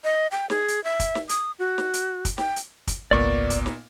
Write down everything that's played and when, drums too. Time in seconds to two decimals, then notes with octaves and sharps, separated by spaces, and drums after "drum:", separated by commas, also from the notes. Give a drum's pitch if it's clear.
0.04 D#5
0.31 G5
0.50 G#4, drum: snare
0.68 drum: hi-hat
0.84 E5
1.00 drum: kick, hi-hat
1.15 drum: snare
1.29 D#6, drum: hi-hat
1.59 F#4
1.78 drum: snare
1.94 drum: hi-hat
2.25 drum: kick, hi-hat
2.38 G5, drum: snare
2.56 drum: hi-hat
2.87 drum: kick, hi-hat
3.11 G#1 C#2 A#2 A#3 B3 D5 C#6
3.50 drum: kick, hi-hat
3.66 drum: snare